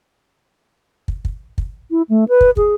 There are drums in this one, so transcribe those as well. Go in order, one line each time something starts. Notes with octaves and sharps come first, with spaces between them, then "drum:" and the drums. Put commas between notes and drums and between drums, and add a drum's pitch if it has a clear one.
drum: kick
drum: kick
drum: kick
E4
A3
B4
drum: kick
G#4, drum: kick